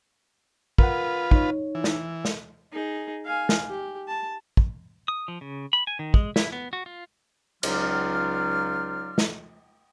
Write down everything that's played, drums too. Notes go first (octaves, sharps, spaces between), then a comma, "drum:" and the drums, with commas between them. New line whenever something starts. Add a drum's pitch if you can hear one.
F4 A#4 B4 F#5, drum: kick
D#4 C#5, drum: kick
E3
drum: snare
drum: snare
D#4 G#4
F5 G#5
drum: snare
G4
A5
drum: kick
D#6
F3
C#3
B5
G#5
D#3
G#3, drum: kick
E4, drum: snare
B3
F#4
F4
C#2 F#3 D#4 F4 D5 F6, drum: cymbal
drum: snare